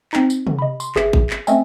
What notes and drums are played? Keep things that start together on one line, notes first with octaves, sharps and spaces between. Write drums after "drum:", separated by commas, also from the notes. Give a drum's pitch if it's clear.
C4 D#4, drum: clap
drum: tambourine
drum: tom
D#5 B5
C6, drum: tambourine
G1 G#4 B4 E5 D6, drum: clap
drum: kick A1
drum: clap
A3 C4 C#4 D#5 E5 G#5, drum: tambourine